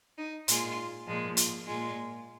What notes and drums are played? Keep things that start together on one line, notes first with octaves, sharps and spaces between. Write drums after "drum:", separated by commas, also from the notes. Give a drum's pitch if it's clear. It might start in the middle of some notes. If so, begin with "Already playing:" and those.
D#4
A#2 G#3 F4, drum: hi-hat
A#2 F3 G#3
F4, drum: hi-hat
A#2 G#3 F4